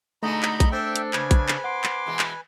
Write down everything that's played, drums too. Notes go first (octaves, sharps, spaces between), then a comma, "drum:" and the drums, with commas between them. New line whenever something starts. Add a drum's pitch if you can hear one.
B2 D3 G#3 A3 D#4 D#5 A#5 B5
drum: clap
drum: kick A#1, hi-hat
C4 D4 A4 C5 E5 G5
drum: hi-hat
C#3 D4 B4 G#5 G#6, drum: clap
drum: kick A#1, hi-hat
drum: clap
F#5 C6 D6
drum: clap
B2 E3 G#3
drum: clap